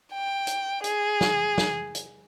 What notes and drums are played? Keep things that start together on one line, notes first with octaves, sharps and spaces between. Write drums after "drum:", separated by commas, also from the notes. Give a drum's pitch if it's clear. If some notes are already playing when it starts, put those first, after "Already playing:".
G5
drum: hi-hat
G#4, drum: hi-hat
drum: snare
drum: snare
drum: hi-hat